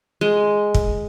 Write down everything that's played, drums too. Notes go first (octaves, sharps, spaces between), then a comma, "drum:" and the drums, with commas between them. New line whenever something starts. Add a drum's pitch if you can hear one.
G#3
drum: kick